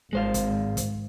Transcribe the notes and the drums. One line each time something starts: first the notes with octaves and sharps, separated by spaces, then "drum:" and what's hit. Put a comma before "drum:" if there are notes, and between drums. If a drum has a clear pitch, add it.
G#1 G#3 C5 F5
drum: kick, hi-hat
drum: kick, hi-hat